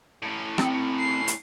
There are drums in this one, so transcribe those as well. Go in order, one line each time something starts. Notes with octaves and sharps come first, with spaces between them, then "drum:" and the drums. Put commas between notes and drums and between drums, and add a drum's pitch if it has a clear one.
A2 C#4
C4, drum: rim click
C7
drum: hi-hat